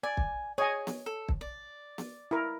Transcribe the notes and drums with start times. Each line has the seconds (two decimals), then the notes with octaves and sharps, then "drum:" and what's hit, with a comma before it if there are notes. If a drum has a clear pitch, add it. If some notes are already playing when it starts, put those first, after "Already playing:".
0.03 D5 G#5
0.17 drum: kick
0.58 G#4 C#5 D#5 G#5
0.87 drum: snare B3
1.06 A4
1.29 drum: kick
1.41 D5
1.98 drum: snare B3
2.31 E4 A#4